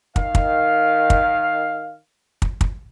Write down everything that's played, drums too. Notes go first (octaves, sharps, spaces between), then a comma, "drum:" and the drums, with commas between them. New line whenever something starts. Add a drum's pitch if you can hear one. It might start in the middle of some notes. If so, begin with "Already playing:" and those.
D#3 F5, drum: kick
drum: kick
drum: kick
drum: kick
drum: kick